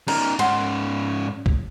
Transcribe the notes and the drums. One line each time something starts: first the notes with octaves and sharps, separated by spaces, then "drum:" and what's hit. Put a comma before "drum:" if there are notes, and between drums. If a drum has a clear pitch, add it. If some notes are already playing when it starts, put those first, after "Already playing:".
C#4 D#4 A#4, drum: cymbal
G#2 C#4 F#5 C6, drum: cymbal
drum: kick